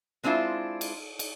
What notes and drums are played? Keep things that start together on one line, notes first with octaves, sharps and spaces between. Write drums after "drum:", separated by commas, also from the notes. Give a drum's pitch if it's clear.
G#3 C4 D4 E4 F4
drum: cymbal
drum: cymbal